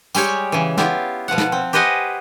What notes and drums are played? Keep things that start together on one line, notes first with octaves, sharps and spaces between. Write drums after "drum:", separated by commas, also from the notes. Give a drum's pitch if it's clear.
G3 G#3 G4 C#5, drum: tambourine
C#3 E3
B3 E4 F4 G4, drum: snare
B2 F3 F5 F#5
drum: snare
C4
G4 B4 C5 D#5 F#5 G#5